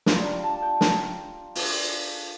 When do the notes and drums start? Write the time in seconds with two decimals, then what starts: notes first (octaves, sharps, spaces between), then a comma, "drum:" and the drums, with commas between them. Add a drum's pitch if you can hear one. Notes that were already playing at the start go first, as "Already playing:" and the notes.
0.06 G3 D4 F4 A#5, drum: snare
0.25 A#5
0.44 A5
0.62 G5
0.81 A#5, drum: snare
1.55 A3 D4 F4, drum: open hi-hat